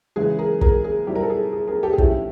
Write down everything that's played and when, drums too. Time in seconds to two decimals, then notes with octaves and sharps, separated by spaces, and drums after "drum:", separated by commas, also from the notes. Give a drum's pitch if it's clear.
0.16 C#3 E3 G#3 G#4
0.39 G#4 A#4
0.61 G#4 A#4, drum: kick
0.84 G#4
1.07 B2 G3 C4 E4 G4
1.15 A#4
1.23 A4
1.30 G#4
1.52 G#4
1.68 G#4 A#4
1.83 G4 A4
1.93 G#4
1.98 A2 F3 A3 C#4 E4 G4, drum: kick